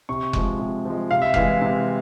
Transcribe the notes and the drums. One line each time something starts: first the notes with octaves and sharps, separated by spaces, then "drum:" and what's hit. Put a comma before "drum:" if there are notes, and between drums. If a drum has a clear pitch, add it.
C3 C#6
F3 G#3, drum: kick F1
C3
F3 G#3
C3 F5
E5
E3 G#3 F5, drum: kick F1
C3